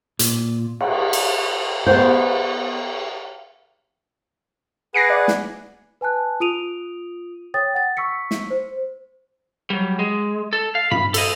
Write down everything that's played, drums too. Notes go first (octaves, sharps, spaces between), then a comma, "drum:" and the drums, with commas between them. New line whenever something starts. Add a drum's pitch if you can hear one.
A#2, drum: hi-hat
drum: cymbal
drum: cymbal
B3 C5, drum: cymbal
G#4 B4 F#5 A#6 C7 D7
D5
drum: snare
B4 G#5 A5 F#6
F4 D#6 D7 D#7 F7
C#5 G5 D#6 A6
F#5 A6
C#6 E6 B6 C#7
drum: snare
C5
F#3 G3
G#3
A4
F5
B5, drum: tom G2
A4 D#5, drum: cymbal